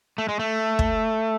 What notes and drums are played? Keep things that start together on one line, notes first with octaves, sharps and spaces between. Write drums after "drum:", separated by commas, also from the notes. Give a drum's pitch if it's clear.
A3
G#3
A3
drum: kick